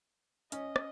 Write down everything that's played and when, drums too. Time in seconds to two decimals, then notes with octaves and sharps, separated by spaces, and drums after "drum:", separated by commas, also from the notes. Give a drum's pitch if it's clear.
0.52 C#4 D#5, drum: hi-hat
0.76 drum: rim click